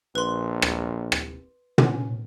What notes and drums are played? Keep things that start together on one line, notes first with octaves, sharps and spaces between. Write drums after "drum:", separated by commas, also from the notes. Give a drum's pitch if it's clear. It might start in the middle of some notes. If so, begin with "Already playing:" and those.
A#1 B4 C6
drum: rim click
drum: rim click
C#4, drum: tom